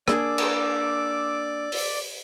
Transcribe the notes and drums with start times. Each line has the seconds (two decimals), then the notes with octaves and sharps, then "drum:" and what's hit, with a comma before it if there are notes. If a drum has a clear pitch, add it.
0.08 A#3 D4 G#4 D5 D6 E6, drum: rim click
0.38 drum: cymbal
1.72 drum: open hi-hat